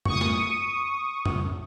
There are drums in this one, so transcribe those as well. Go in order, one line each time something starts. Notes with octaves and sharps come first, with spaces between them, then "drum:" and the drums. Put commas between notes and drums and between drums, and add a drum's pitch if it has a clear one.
C#6 D#6, drum: tom F2
drum: snare
drum: tom F2